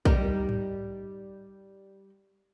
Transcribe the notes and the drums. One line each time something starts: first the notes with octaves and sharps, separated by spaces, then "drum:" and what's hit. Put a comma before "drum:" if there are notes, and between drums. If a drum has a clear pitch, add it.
G3 D#4 A#4, drum: kick
drum: tom G#2